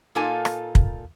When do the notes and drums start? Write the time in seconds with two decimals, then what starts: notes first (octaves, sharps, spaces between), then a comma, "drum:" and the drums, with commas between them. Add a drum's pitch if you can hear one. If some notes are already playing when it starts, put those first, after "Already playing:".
0.15 A#2 A#3 D#4 F4 A4 G#5
0.45 drum: rim click
0.75 drum: kick